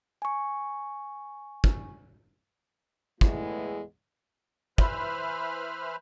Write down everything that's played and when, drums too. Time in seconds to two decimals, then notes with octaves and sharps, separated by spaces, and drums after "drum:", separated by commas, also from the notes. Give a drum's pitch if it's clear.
0.22 G#5 C#6
1.64 drum: kick
3.21 E2 A2 G#3 A3 E4 B4, drum: kick
4.78 E3 B4 C5 E5 B5 F6, drum: kick